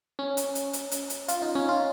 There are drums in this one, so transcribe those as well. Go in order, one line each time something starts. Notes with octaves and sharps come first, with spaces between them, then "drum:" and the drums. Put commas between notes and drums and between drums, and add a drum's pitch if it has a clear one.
C#4
drum: hi-hat
drum: hi-hat
drum: hi-hat
drum: hi-hat
drum: hi-hat
F4, drum: hi-hat
D#4
C#4
F4